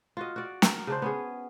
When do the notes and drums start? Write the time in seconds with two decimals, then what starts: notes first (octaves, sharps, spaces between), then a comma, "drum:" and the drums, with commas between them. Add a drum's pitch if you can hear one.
0.17 F4 F#4 D#5
0.36 F#4 D5
0.62 A#4, drum: snare
0.87 C#3 D4 C5
1.02 B3 C#4 G#4